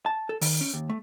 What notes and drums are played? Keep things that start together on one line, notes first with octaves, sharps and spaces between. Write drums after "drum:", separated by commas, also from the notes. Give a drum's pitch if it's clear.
A5
A4
D#3, drum: open hi-hat
C#4
D#2
A3